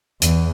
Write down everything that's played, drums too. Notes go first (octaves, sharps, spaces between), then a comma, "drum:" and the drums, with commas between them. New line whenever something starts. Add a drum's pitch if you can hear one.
E2, drum: hi-hat